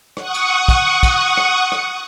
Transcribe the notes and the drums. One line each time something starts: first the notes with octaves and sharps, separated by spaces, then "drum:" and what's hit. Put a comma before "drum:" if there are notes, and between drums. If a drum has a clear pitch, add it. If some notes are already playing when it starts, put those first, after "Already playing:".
F#5 C#6 D#6, drum: rim click
drum: cymbal
drum: kick, cymbal
drum: kick, cymbal
drum: rim click
drum: rim click